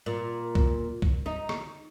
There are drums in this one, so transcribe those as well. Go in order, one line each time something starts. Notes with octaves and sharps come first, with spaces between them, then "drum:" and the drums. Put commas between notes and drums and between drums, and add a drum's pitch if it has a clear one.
A#2
drum: kick B1
drum: kick B1
D#4
drum: rim click